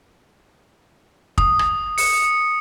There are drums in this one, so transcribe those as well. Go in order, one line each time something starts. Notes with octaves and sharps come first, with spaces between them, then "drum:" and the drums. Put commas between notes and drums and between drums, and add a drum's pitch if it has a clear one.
D#6, drum: kick
drum: rim click
C#7, drum: open hi-hat